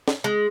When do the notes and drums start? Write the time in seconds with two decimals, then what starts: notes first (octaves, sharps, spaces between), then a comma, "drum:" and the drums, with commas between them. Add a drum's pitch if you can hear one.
0.08 drum: snare
0.24 G#3